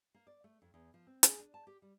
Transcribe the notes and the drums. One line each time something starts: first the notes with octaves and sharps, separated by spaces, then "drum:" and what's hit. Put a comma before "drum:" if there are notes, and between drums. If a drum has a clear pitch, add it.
A#3
D5
A3
F2
E2
F3
C4
G#4, drum: hi-hat
D4
A5
G4
G3